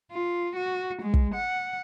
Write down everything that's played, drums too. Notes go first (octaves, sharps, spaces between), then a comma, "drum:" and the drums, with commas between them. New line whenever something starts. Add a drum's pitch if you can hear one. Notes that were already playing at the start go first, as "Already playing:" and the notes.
F4
F#4
G#3
drum: kick
F#5